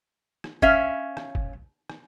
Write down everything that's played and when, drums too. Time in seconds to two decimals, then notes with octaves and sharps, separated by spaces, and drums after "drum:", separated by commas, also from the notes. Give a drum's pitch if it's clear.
0.44 drum: rim click
0.62 C#4 E5 F5, drum: kick
1.17 drum: rim click
1.35 drum: kick
1.90 drum: rim click